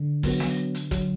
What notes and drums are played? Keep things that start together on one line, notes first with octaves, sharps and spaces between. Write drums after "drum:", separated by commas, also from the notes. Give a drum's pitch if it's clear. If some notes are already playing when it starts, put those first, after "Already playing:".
Already playing: D3
F#3 B3 F#4, drum: kick, open hi-hat
drum: snare
drum: hi-hat
F#3, drum: kick, hi-hat